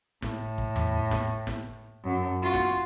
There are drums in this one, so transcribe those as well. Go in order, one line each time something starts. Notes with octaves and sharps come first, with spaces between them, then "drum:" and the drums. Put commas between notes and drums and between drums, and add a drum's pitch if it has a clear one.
A2, drum: snare
drum: kick
drum: tom E2
drum: snare
drum: snare
F#2
F4 F#4
drum: snare